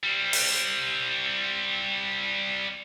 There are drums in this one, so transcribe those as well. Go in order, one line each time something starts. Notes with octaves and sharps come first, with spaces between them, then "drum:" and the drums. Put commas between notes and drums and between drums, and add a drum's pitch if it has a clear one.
G3 C4
drum: open hi-hat